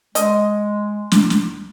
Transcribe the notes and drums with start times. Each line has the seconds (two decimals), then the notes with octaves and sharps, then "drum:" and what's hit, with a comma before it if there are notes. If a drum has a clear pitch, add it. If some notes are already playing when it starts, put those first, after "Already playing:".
0.15 G#3 D#5, drum: hi-hat
1.12 drum: snare
1.30 drum: snare